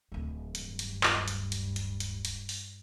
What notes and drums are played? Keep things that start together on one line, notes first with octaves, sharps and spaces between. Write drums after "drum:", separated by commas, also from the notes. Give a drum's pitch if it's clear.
D1 D#3
G2, drum: hi-hat
drum: hi-hat
drum: clap
drum: hi-hat
drum: hi-hat
drum: hi-hat
drum: hi-hat
drum: hi-hat
drum: open hi-hat